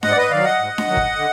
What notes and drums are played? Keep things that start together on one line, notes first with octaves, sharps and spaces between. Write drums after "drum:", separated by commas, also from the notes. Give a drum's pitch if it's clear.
G#2 D#5 F#5, drum: snare D4
D5
B4 D#5
D#3 F#3 D5 F5
D#5 F#5
G#2
drum: snare D4
D#3 F#3
drum: kick
D3